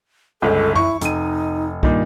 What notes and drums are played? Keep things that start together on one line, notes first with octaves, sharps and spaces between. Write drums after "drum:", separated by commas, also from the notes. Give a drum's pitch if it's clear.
G1 C#2 A4
E4 C#6, drum: tom F#2
F1 D#4 D#7, drum: hi-hat
G2 A#2 D#3, drum: kick